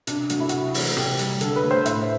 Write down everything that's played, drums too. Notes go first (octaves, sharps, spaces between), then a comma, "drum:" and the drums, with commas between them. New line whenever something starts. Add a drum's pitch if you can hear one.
C3 D4, drum: hi-hat
F#3 A3 F#4, drum: hi-hat
E4
C3 F#4, drum: hi-hat
E3 A3, drum: open hi-hat
C3 G4, drum: rim click
G3, drum: hi-hat
D3 A4, drum: hi-hat
B4
A3
C5
A2 E5, drum: hi-hat